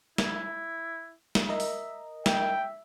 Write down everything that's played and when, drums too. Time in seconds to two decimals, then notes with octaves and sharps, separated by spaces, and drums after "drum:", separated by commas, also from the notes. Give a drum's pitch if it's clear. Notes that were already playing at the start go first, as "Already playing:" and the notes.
0.18 E4, drum: snare
1.35 drum: snare
1.49 A#4 D#5 E5
1.60 drum: open hi-hat
2.26 E5 G5, drum: snare